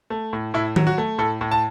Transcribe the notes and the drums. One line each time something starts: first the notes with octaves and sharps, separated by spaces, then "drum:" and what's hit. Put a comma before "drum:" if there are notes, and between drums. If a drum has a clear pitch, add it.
A3
A2
A2 E4
F#3, drum: tom D#3
F#4
A3
A2 A4
A2
A5